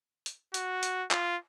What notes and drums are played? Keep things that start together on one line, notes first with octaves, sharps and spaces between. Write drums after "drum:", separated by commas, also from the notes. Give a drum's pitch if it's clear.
drum: hi-hat
F#4, drum: hi-hat
drum: hi-hat
F4, drum: clap